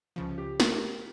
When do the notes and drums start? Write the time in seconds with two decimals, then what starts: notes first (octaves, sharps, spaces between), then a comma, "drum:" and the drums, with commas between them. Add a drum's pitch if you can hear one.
0.16 C#2 C#3 F3
0.38 G4
0.60 A#4, drum: snare